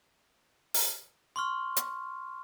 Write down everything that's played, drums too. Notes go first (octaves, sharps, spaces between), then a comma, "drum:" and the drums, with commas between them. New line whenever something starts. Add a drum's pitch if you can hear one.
drum: open hi-hat
C6 C#6 F6
drum: hi-hat